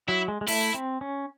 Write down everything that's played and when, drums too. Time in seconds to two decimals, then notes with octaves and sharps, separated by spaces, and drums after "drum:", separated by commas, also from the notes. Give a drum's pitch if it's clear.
0.08 F#3 E4
0.28 G#3
0.41 G#3
0.47 A3 E4, drum: open hi-hat
0.74 C4
1.01 C#4